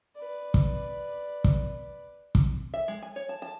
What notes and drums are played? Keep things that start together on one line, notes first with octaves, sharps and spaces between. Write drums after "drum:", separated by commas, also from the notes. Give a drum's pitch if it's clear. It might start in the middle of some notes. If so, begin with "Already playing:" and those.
B4 D5
drum: kick
drum: kick
drum: kick
E5
G#3
G#5
C#5
A5
A5